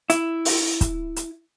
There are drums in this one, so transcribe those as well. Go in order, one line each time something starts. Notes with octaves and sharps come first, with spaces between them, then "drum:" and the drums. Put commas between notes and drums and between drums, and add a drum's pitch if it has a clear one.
E4, drum: hi-hat
drum: open hi-hat
drum: kick, hi-hat
drum: hi-hat